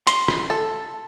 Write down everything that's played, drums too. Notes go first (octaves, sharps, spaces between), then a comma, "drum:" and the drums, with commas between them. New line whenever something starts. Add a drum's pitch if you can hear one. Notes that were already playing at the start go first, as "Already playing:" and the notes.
C6, drum: hi-hat
drum: rim click
A4